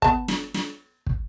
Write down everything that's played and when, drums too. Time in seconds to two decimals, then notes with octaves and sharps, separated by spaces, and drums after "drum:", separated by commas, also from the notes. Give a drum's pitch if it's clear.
0.02 B3 A5, drum: kick
0.28 drum: snare
0.54 drum: snare
1.06 drum: kick